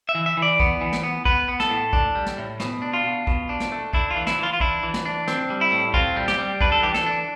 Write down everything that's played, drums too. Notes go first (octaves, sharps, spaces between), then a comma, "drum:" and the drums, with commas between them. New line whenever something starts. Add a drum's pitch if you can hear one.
E5
E3
E5
E3
D5
B3, drum: kick A#1
E3
drum: snare
B3
B3 B4, drum: kick A#1
B3
A4, drum: snare
A2
D4, drum: kick A#1
G3
drum: snare
A2
B2, drum: snare
D4
F4
B2
B2, drum: kick A#1
D4
drum: snare
A3
D4 E4, drum: kick A#1
F4
E3
E4, drum: snare
E3 F4
F4
D4 E4, drum: kick A#1
E3
drum: snare
D4
C4, drum: snare
G3
E4
A2
C4 F4, drum: kick A#1
G3
G4, drum: snare
G3
D4 B4, drum: kick A#1
A4
E3 G4
A4, drum: snare
D4